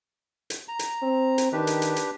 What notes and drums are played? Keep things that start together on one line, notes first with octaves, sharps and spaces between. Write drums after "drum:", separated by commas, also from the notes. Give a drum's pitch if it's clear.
drum: hi-hat
A#5
drum: hi-hat
C4
drum: hi-hat
D#3 D4 G4 B4
drum: hi-hat
drum: hi-hat
drum: hi-hat